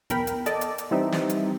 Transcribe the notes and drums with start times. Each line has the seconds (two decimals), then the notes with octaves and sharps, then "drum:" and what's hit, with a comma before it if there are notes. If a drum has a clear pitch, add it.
0.10 B1 E2 A#4 G5 B5, drum: hi-hat
0.27 drum: hi-hat
0.46 A4 D5 D#5 A5, drum: hi-hat
0.61 drum: hi-hat
0.78 drum: hi-hat
0.91 E3 G3 C4 D#4 E5
1.12 drum: snare
1.30 drum: hi-hat